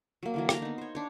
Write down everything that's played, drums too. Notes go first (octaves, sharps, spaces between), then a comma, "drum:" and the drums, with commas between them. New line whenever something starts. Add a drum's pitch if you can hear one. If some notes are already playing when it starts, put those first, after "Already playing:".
F#3 A#3
D3 E3 F#3
F5 A#5, drum: rim click
B3 D#4
C5 C#5
D4 C#5